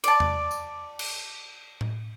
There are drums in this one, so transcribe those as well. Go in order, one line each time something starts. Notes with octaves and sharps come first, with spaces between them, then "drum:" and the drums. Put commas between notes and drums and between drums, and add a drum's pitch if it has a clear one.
D5 A5, drum: cymbal
drum: tom E2
drum: tambourine
drum: cymbal
drum: tom A2